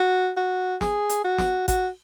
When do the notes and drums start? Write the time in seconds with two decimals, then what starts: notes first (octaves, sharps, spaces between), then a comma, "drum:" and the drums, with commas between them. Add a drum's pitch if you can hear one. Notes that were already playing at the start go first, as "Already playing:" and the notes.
Already playing: F#4
0.37 F#4
0.81 G#4, drum: snare
1.09 drum: hi-hat
1.24 F#4
1.38 drum: snare
1.68 F#4, drum: kick G#1, hi-hat